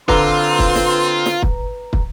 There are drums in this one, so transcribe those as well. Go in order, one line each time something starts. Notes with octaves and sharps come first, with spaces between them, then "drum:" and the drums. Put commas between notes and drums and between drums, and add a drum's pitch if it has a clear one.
D3 C4 F4 B4 A#5 C6, drum: kick
drum: kick
drum: snare
drum: snare
drum: kick
drum: kick